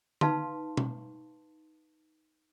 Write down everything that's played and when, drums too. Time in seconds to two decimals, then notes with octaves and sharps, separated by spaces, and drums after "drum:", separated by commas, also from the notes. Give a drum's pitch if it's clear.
0.21 D#4 B4 F5 A5 C6, drum: tom D3
0.77 drum: tom B2